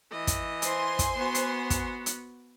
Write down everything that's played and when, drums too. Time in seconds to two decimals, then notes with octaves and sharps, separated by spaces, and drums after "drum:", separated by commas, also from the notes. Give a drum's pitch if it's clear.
0.12 E3 D#5
0.27 drum: kick, hi-hat
0.62 C5 G#5 C6, drum: hi-hat
0.99 drum: kick, hi-hat
1.17 B3 F#4
1.35 drum: hi-hat
1.70 drum: kick, hi-hat
2.06 drum: hi-hat